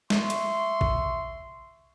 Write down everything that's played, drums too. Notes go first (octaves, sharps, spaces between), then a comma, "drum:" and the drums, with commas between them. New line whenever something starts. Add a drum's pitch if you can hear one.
E5 C6 C#6, drum: snare
drum: hi-hat
drum: kick